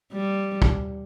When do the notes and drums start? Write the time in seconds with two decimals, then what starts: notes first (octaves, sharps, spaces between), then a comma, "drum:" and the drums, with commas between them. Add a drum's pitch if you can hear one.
0.12 G3
0.62 drum: kick